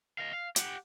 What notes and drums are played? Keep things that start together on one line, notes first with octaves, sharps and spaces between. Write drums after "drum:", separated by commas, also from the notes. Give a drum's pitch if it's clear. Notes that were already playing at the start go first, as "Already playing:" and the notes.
D#5 F5
F5
G4 F#5, drum: hi-hat